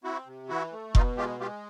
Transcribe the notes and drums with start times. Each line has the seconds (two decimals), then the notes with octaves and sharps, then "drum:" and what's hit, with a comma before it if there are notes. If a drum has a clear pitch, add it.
0.04 C4 E4 F#4
0.26 C3
0.49 E3 E4 F#4
0.72 A3
0.95 B2 D#4 F4, drum: kick F1
1.17 G#3 F4 G4
1.40 G#3 F4 G4